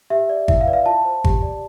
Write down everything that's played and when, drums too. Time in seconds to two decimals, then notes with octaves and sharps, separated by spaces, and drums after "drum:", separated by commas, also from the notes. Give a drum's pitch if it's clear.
0.10 G4 E5
0.29 D5
0.48 E4 E5, drum: kick G#1
0.61 F5
0.67 B4 D5
0.73 F5
0.86 F4 A5
1.05 C5
1.24 G4, drum: kick G#1
1.42 D5